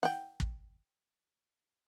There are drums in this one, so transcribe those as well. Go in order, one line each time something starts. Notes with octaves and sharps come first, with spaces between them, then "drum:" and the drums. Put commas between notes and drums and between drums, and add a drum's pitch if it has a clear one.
F#5 G5, drum: snare
drum: kick